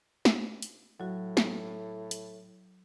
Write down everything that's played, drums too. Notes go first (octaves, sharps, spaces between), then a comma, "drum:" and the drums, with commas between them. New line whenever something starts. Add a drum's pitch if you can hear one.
drum: snare
drum: hi-hat
A2 F#3 F#4
drum: snare
drum: hi-hat